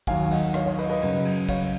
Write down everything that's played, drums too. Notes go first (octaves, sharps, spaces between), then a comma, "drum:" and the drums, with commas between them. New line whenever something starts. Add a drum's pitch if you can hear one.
D#2 D#3 F#3 F5 G#5, drum: kick, cymbal
D#5 F#5, drum: cymbal
C#5 F5, drum: rim click
C#5 F5
B4 D#5, drum: cymbal
B4 D#5
F#2 C#3 F#3, drum: cymbal
drum: cymbal
C#5 F5, drum: kick, cymbal